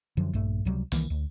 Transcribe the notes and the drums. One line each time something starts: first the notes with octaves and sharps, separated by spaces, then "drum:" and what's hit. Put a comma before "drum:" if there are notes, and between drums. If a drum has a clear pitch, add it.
F#2 D3 F3 F#3
A#1 G2 A3
C#2 C3 F#3 G3
C2 D#3 E3 A#3, drum: open hi-hat
D2